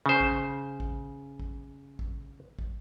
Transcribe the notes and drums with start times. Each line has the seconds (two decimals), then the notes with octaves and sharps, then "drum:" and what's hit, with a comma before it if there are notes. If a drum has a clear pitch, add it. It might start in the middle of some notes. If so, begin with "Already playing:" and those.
0.06 C#3 C5
0.20 drum: kick
0.80 drum: kick
1.40 drum: kick
1.99 drum: kick
2.59 drum: kick